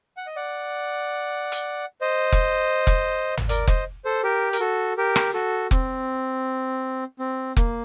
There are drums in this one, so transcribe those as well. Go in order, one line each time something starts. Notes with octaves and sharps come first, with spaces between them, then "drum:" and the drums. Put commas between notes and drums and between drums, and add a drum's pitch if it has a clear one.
F#5
D#5
D5 F#5
drum: hi-hat
C5 D#5
drum: kick F1
drum: kick F1
drum: tom
A#4 D5, drum: hi-hat
C5 D#5, drum: kick F1
A4 C5
G4 A#4
A#4, drum: hi-hat
F#4 A4
G4 A#4
drum: rim click
F#4 A4
C4, drum: kick F1
C4
A#3, drum: kick F1